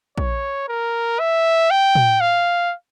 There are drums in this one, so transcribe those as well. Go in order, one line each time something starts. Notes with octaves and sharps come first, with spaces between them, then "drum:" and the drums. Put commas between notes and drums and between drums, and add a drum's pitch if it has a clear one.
C#5, drum: kick A#1
A#4
E5
G5
drum: tom
F5